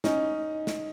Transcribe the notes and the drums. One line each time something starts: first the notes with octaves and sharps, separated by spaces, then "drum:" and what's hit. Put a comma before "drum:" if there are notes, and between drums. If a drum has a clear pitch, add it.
C#4 D#4, drum: snare
drum: snare